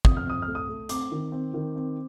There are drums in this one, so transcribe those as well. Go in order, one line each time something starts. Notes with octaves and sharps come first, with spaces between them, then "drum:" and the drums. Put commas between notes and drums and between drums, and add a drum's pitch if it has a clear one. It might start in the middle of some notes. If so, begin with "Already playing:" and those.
F2 D#6, drum: kick
F6
C4 D#6
F6
A3
D#6
A3
C4 D6, drum: hi-hat
D#3
C4
D#3
C4